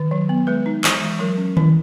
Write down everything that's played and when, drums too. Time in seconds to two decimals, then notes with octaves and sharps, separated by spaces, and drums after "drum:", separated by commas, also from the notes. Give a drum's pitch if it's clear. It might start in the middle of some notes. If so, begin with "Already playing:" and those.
Already playing: D#3
0.11 F#3
0.29 B3
0.47 G#3 B4
0.66 D#4
0.84 E3, drum: clap
1.01 G#3
1.19 F#3 A#4
1.37 C#4
1.57 E4, drum: tom D#3